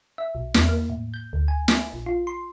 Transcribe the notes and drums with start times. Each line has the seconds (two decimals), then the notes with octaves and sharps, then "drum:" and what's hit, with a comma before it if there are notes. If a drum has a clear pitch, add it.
0.18 E5
0.35 B1
0.54 E2, drum: snare
0.69 A#3
0.90 A2
1.14 G6
1.33 D2
1.48 G#5
1.68 drum: snare
1.93 A#1
2.06 F4
2.27 C6